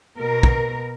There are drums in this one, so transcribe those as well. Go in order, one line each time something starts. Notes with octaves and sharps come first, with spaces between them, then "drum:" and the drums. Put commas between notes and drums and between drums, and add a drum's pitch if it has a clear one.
B2 A#4
drum: kick